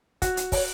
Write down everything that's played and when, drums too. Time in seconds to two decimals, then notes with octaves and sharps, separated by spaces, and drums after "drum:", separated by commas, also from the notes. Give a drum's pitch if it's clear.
0.22 F#4, drum: kick, hi-hat
0.37 drum: hi-hat
0.52 C#5, drum: kick, open hi-hat